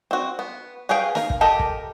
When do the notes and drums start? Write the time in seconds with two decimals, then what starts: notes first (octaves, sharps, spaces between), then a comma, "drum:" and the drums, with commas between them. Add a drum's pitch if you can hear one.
0.11 C4 F#4
0.39 B3
0.89 F#4 G#4 B4 F5 G5
1.15 A#4 F5, drum: snare
1.30 drum: kick
1.41 G4 A4 A#4 D#5
1.59 drum: kick